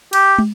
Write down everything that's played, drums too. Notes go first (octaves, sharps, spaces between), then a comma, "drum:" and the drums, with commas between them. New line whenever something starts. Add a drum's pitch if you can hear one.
G4, drum: cymbal
drum: tom